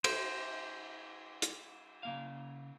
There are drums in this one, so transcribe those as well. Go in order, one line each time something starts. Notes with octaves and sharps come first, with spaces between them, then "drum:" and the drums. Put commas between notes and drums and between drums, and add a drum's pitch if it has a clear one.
C5, drum: cymbal
drum: hi-hat
C#3 A#3 F5